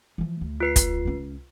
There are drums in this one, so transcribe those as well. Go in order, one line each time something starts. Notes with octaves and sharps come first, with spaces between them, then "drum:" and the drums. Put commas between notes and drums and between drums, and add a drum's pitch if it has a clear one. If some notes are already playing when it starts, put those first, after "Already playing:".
E3 F3
D2
F4 B4 C7
drum: kick, hi-hat
C#2 C#4